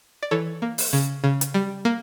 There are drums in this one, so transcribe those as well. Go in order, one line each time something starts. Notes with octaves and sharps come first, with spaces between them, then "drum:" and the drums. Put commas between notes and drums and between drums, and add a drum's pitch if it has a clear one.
D5
E3 A4 C#5
A#3
drum: open hi-hat
C#3
C#3
drum: hi-hat
G3
A#3